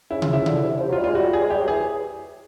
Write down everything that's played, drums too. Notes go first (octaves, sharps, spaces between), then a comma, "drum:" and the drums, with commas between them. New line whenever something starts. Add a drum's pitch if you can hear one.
C#3 E4
F4, drum: tom C3
E4
D3, drum: tom C3
C3
F3
F#3
F4
G3
F4
G#3
G3 F#4
G#4
G#3
G3 G4
F#3
E3 G#4